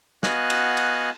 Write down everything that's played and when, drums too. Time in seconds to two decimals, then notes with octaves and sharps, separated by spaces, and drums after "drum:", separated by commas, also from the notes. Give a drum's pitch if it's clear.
0.23 B3 F#4 D#5 F5 G#5 F#6, drum: snare
0.50 drum: cymbal
0.77 drum: cymbal